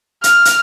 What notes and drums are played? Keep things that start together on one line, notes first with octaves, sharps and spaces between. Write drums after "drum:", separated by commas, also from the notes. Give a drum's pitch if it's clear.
F6, drum: hi-hat
drum: hi-hat